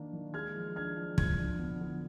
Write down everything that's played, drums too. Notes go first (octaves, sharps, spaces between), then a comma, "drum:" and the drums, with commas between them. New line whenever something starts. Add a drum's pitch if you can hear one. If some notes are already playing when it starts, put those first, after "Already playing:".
Already playing: D#3 A#3 D4
D#3
G#3 F6 G#6
F3
D4 F6 G#6
F3
F3 F6 G#6, drum: kick
D4
B3
D3